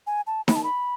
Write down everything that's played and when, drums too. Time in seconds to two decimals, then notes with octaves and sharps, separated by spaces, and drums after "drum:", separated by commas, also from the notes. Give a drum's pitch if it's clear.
0.07 G#5
0.27 A5
0.48 B5, drum: snare D#4
0.56 A5
0.64 B5